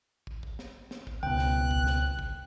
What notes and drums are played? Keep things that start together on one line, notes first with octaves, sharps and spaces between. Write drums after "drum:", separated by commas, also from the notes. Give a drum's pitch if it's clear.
drum: kick
drum: kick
drum: snare
drum: snare
drum: kick
C#2 B2 G5 F#6
drum: snare
drum: kick
drum: snare
drum: kick